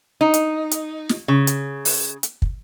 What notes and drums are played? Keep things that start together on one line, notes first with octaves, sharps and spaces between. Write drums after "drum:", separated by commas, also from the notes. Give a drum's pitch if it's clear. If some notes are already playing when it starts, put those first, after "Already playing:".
D#4
drum: hi-hat
drum: hi-hat
drum: snare
C#3
drum: hi-hat
drum: open hi-hat
drum: hi-hat
drum: kick